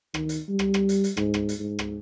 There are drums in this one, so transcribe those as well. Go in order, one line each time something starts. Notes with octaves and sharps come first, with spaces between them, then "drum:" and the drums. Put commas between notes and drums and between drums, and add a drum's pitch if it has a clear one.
D#3, drum: rim click
drum: hi-hat
G3
drum: rim click
drum: rim click
drum: hi-hat
drum: hi-hat
G#2, drum: rim click
drum: rim click
drum: hi-hat
G#2
drum: rim click